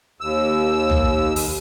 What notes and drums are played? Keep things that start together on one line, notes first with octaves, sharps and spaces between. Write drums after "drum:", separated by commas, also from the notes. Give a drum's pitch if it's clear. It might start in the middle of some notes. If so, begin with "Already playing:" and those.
D#2 E6
drum: tom
drum: open hi-hat